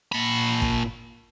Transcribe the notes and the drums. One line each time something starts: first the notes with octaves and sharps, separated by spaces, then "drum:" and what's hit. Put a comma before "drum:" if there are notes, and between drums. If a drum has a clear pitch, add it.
A#2 B5
drum: kick